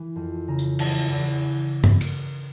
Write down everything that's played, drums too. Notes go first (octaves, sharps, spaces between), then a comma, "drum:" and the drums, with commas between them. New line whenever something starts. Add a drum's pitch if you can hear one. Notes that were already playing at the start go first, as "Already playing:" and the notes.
Already playing: E3
F2
C#3 A#5
drum: tambourine
E2 A5, drum: cymbal
E2
drum: tom G2
drum: cymbal